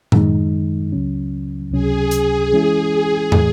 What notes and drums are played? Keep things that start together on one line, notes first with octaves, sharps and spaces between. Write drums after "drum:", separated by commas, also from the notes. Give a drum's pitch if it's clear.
F#2 D#3 G#3 D#4, drum: tom A2
C#2 C#3 F#3 C#4
C#2 C3 F#3 C#4 G#4
drum: hi-hat
E3 G#3 C#4 E4 G#4
A2 E3 A3, drum: tom